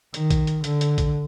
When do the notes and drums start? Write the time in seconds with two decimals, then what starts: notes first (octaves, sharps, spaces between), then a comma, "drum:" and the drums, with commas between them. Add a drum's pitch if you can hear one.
0.14 D#3, drum: hi-hat
0.31 drum: kick A#1, hi-hat
0.47 drum: hi-hat
0.64 D3, drum: hi-hat
0.81 drum: hi-hat
0.98 drum: kick A#1, hi-hat